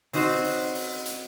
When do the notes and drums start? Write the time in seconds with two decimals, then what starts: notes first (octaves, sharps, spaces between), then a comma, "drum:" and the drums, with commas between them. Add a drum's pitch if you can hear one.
0.13 C4 C#4 D#4 F#4 C5, drum: open hi-hat
0.44 drum: open hi-hat
0.75 drum: open hi-hat
1.06 drum: hi-hat